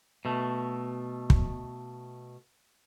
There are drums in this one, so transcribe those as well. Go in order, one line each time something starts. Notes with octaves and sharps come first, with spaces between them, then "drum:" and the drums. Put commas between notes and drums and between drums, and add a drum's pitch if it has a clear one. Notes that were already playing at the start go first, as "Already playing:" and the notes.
B2 A3
drum: kick